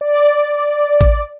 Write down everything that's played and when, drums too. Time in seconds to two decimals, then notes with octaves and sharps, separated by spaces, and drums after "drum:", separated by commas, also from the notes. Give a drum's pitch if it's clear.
0.01 D5
1.01 drum: kick A1